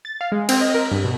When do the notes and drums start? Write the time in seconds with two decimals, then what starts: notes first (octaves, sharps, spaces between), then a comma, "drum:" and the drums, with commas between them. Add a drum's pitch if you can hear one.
0.05 A6
0.21 F5
0.32 G#3
0.49 C4, drum: cymbal
0.61 D#5
0.75 A#4
0.92 G2
1.04 B2